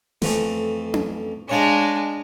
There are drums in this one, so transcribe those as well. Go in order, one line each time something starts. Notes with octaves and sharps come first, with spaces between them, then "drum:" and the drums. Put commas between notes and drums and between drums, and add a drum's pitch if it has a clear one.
F2 E3 A3, drum: snare
drum: tom C#4
G#3 D4 C#5 F5 A#5